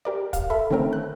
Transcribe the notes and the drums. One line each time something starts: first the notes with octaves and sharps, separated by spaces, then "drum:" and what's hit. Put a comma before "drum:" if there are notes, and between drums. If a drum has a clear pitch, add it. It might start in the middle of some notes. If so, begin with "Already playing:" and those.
G4 A#4 D5
F5, drum: kick, hi-hat
A4 E5 B5
D3 D#3 A3 C4 C#4 A#4
F#6